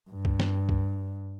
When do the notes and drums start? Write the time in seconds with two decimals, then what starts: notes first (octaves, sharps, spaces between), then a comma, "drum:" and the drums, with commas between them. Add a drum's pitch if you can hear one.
0.10 G2
0.25 drum: kick
0.40 drum: snare
0.69 drum: kick